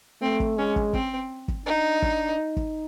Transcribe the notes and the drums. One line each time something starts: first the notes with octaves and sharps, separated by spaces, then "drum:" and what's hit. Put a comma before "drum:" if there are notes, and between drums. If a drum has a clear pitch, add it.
A3 C4
drum: kick
G#3 C#4
drum: kick
C4, drum: kick
drum: kick
D4 D#4
drum: kick
D#4
drum: kick